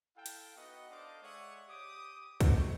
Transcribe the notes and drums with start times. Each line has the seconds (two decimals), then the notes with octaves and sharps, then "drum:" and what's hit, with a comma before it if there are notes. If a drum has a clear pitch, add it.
0.17 E4 A4 F5 G5
0.26 drum: hi-hat
0.56 B3 D#4 F#4 B4 D#5 F#5
0.91 D4 A4 C5 D#5 F5 D6
1.22 G#3 C#5 D5 E5 F#5 D#6
1.68 G4 D6 D#6
2.40 G#3 D#4 G4 C#5 A#5 C#6, drum: kick, hi-hat